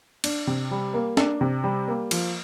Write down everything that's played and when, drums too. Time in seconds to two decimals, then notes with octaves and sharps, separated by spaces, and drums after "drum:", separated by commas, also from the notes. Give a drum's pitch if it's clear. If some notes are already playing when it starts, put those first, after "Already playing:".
0.24 D4, drum: cymbal
0.47 C3
0.71 G3
0.94 A#3
1.17 D4, drum: snare
1.41 C3
1.64 G3
1.88 A#3
2.11 F3, drum: cymbal